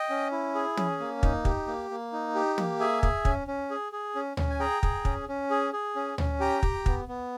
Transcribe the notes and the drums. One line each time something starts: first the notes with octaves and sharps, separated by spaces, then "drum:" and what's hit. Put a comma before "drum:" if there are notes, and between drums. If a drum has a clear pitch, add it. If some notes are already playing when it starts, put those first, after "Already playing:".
Already playing: D#5 G5
C#4
E4
G#4
C#4, drum: tom
A#3
D#4, drum: kick
G4, drum: kick
A#3
A#3
D#4
G4
A#3, drum: tom
G#4 E5 G#5
G#4, drum: kick
C#4, drum: kick
C#4
G#4
G#4
C#4
C#4, drum: tom D2
G#5
G#4 G5 A#5
G#4, drum: kick
C#4, drum: kick
C#4
G#4
G#4
C#4
C#4, drum: tom D2
G4 G5 A#5
G4, drum: kick
B3, drum: kick
B3